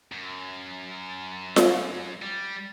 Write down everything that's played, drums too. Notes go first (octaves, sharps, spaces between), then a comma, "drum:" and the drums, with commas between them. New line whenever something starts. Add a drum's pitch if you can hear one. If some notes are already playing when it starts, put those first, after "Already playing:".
F#2
drum: snare F4
G3